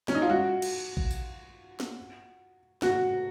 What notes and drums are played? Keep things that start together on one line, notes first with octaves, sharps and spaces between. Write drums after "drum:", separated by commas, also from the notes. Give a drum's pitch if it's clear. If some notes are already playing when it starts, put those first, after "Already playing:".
C#4, drum: snare
D#4
F4
F#4, drum: tom G3
drum: cymbal
drum: kick A1
drum: tambourine
drum: snare
F#4, drum: snare